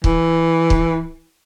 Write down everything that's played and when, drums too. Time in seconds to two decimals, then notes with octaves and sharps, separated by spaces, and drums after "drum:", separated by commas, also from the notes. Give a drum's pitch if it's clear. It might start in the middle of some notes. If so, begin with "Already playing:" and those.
0.04 E3, drum: kick
0.70 drum: kick